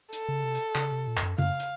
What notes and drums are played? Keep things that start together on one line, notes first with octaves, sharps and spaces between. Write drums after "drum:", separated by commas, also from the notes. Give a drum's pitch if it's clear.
A4, drum: hi-hat
C#3
C3
drum: hi-hat
C#3, drum: clap
C3
A#2
F2, drum: clap
F#2
F#2 F5, drum: tom C#3
drum: hi-hat